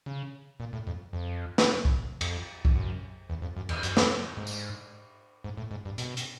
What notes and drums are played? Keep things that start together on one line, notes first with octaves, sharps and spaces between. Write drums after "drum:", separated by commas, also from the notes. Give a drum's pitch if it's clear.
C#3
A#2
A2
F2
F2
drum: snare
drum: kick
F2, drum: cymbal
drum: kick
F#2
E2
F2
F#2
E2, drum: cymbal
F#2, drum: hi-hat
drum: snare
G#2
drum: tambourine
G#2
A2
G#2
G2
B2, drum: hi-hat
drum: hi-hat